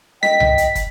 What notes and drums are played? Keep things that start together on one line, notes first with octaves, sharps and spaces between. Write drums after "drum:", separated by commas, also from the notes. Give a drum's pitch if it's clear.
D#5 G5 B6, drum: snare
drum: tom C2
drum: hi-hat
drum: kick, hi-hat